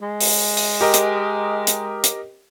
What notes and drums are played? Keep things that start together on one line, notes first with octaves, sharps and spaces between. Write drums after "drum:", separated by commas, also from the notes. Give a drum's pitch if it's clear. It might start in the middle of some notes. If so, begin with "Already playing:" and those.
G#3
drum: open hi-hat
drum: open hi-hat
G4 A#4 D#5
drum: hi-hat
drum: hi-hat
drum: hi-hat